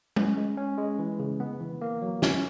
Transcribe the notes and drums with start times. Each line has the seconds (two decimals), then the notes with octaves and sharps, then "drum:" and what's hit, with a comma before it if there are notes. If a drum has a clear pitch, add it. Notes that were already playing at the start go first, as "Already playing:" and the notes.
0.16 C#4, drum: tom G#3
0.37 G#3
0.57 C#4
0.78 G#3
0.99 E3
1.19 C#3
1.40 B3
1.60 E3
1.81 A#3
2.02 F#3
2.22 C#4, drum: snare